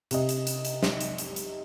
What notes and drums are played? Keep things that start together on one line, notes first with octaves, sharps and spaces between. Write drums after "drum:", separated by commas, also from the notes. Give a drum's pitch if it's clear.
C3 D#5, drum: hi-hat
drum: hi-hat
drum: hi-hat
drum: hi-hat
drum: snare
drum: hi-hat
drum: hi-hat
drum: hi-hat